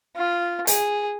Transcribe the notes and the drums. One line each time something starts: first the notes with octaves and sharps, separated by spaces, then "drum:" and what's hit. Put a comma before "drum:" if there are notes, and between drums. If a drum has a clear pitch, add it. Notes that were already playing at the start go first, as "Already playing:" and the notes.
F4
G#4, drum: hi-hat